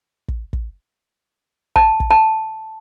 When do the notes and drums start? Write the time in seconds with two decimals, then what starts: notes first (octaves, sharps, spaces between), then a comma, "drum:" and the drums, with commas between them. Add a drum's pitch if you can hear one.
0.29 drum: kick
0.53 drum: kick
1.76 A5, drum: kick
2.00 drum: kick
2.11 A5